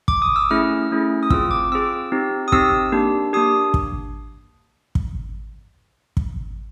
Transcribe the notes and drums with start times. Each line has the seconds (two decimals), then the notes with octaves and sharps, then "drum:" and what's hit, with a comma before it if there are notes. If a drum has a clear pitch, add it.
0.08 D6, drum: kick
0.22 D#6
0.36 E6
0.50 A3 C#4 E4 G#4 F6
0.91 A3 C#4 E4 G#4
1.23 D#6
1.30 C4 F4 G#4 E6, drum: kick
1.51 D6
1.72 C4 F4 G#4 E6
2.12 C4 D#4 G4
2.48 D#6
2.52 C4 D#4 G4 E6, drum: kick
2.92 A#3 D4 G4
3.33 A#3 D4 G4 D#6
3.74 drum: kick
4.95 drum: kick
6.17 drum: kick